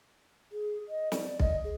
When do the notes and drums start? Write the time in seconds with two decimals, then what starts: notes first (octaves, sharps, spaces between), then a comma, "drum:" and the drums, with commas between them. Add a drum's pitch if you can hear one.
0.52 G#4
0.88 D#5
1.12 D5, drum: snare
1.39 D#5, drum: kick B1
1.64 G#4